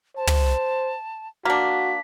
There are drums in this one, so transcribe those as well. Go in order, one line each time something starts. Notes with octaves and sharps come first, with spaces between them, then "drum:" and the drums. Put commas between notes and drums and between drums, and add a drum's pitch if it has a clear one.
C5 A5
drum: tom
A#3 D4 F#4 B6